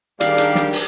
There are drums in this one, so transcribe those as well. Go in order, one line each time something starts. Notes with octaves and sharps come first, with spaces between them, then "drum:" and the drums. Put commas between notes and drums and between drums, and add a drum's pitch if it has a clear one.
D#3 G3 D4 G4 G#4 A#4 D5 F5, drum: hi-hat
drum: hi-hat
drum: snare
drum: open hi-hat